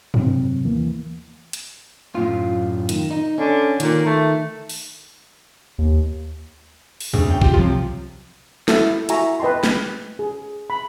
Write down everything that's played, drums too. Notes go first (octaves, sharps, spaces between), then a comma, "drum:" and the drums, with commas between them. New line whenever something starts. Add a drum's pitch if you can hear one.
F2 G#2 C3 F#3 C4, drum: tom G2
D#2 E3 A#3
drum: hi-hat
F#2 A2 F4
D#3, drum: hi-hat
D#4
D3 C#4
A#2 D#3, drum: hi-hat
A3
drum: open hi-hat
D#2
drum: open hi-hat
D2 G#4, drum: tom E2
C#4 G5
F4 G4 G5, drum: kick
C3 F3 F#3
E4 F#4 A4, drum: snare
E4 F#4 E5 G#5 A#5 C#6, drum: hi-hat
B4 D#5 G5 A5 C6
drum: snare
G#4
B5